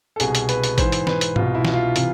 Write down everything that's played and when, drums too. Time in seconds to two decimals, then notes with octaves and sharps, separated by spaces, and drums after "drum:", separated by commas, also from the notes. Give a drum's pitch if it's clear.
0.16 A4
0.20 C2 B2 G#4, drum: hi-hat
0.35 drum: hi-hat
0.49 B4, drum: hi-hat
0.64 drum: hi-hat
0.78 G#2 E3 C5, drum: kick A1, hi-hat
0.92 drum: hi-hat
1.07 B4, drum: snare
1.21 drum: hi-hat
1.36 C2 B2 F4, drum: tom G#2
1.55 E4
1.65 drum: snare
1.74 F4
1.96 C3 E3, drum: hi-hat